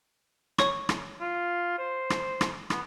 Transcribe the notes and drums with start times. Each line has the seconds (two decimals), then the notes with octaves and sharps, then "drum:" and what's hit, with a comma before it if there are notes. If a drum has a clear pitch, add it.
0.58 C#5 C#6, drum: rim click
0.89 drum: rim click
1.20 F4
1.79 C5
2.10 drum: rim click
2.41 drum: rim click
2.70 B3, drum: rim click